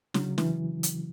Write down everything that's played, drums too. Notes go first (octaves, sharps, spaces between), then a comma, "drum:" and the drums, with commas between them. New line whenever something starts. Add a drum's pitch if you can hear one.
C#3 F#3, drum: snare
E3, drum: snare
drum: hi-hat